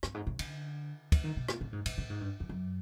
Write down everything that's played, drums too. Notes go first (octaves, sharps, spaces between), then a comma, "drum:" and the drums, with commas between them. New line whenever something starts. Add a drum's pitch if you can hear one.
G2, drum: rim click
G#2
A2
D3, drum: cymbal
E3, drum: kick, cymbal
D#3
B2
A#2, drum: rim click
A2
G#2
A2, drum: cymbal
A2
G#2
G2
F2
F#2